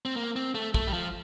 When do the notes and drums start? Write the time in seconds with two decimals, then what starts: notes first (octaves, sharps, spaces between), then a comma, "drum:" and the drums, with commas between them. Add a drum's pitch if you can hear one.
0.05 C4
0.16 A#3
0.36 C4
0.55 A3
0.74 A3, drum: kick
0.87 G3
0.93 F3